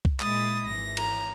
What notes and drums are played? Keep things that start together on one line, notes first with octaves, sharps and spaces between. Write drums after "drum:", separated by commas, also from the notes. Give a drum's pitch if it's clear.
drum: kick C2
A#2 G#3 E4 D#6 A6, drum: clap
G#1 E3 A#6
A#5, drum: cymbal